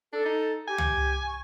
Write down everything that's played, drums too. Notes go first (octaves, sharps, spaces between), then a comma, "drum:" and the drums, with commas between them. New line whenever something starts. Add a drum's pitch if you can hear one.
D4 A4
D#4
G4 G#5
drum: tom
C#6